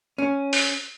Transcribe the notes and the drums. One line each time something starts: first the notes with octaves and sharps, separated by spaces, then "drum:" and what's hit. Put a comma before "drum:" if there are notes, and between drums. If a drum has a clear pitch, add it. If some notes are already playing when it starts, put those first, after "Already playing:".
C#4
drum: open hi-hat